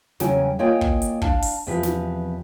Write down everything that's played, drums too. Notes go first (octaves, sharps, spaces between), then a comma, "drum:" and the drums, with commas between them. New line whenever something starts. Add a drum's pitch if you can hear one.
E2 C#3 F#3 C#4 G5 G#5, drum: snare
A#3 F4 C#5 D#5 G5 G#5
drum: kick
drum: hi-hat
D4 F5 A5, drum: kick
drum: open hi-hat
E2 C3 F3 B4
drum: snare